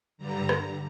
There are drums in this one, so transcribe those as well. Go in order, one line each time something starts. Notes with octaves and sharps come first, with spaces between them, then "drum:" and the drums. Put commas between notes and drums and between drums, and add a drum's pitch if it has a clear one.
G2 D3 G3 A#5
drum: rim click